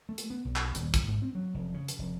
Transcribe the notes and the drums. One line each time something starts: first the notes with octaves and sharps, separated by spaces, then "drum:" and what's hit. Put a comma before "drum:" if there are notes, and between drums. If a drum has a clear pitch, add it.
A3
drum: hi-hat
B3
B1
drum: clap
D#1, drum: hi-hat
drum: kick, hi-hat
G#2
C4
F#3
F1
C#3
drum: hi-hat
F1